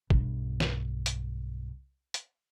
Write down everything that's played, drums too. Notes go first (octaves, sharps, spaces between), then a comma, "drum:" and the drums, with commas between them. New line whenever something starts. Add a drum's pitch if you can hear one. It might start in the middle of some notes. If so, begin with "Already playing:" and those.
B1 G2, drum: kick
drum: snare
drum: hi-hat
drum: hi-hat